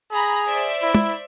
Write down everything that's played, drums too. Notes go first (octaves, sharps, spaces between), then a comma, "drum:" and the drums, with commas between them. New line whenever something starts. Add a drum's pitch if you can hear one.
G#4 A#5 B5
C5 D5 E5
E4
drum: tom